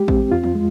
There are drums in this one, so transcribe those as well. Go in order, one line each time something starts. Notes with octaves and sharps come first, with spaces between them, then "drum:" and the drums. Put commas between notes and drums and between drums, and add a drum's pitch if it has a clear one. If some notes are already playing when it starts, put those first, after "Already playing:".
Already playing: G#3 G4
C4, drum: kick A1
F2 F4
drum: tom E3
G#3